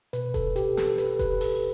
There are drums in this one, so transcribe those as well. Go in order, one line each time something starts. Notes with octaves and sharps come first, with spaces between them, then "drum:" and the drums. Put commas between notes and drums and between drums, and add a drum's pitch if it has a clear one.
B2 B4, drum: hi-hat
A4, drum: kick E1, hi-hat
G4, drum: hi-hat
A4, drum: snare
B4, drum: hi-hat
B4, drum: kick E1, hi-hat
A4, drum: open hi-hat